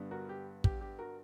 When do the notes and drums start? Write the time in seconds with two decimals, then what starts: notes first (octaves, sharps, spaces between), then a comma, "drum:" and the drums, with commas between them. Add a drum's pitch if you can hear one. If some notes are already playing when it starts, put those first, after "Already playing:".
Already playing: G2 D3 G3 B3
0.11 F#4 A#4
0.29 G4
0.64 G4, drum: kick
0.81 G4
0.99 F#4 A#4